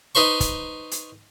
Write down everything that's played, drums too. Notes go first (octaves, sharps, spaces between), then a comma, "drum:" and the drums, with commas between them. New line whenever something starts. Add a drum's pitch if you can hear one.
D#4 B4 C5 C#6
drum: kick, hi-hat
drum: hi-hat